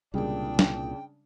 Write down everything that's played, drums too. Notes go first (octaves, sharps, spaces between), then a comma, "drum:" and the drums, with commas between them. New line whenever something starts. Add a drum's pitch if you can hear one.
C2 A#2 C#3 G3 G#3 D4 G5
drum: snare